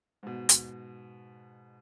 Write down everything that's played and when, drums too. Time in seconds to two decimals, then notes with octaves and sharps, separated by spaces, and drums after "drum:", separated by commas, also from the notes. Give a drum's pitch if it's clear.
0.23 G#2 B2
0.49 drum: hi-hat